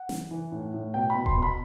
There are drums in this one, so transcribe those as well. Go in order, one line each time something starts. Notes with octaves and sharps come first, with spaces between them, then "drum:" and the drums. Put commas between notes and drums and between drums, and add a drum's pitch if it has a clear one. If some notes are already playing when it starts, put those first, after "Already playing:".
Already playing: F#5
E3, drum: snare
E3
A2
A2
B2 G5
B5
B2
C6, drum: kick D#1
B2 C6
B5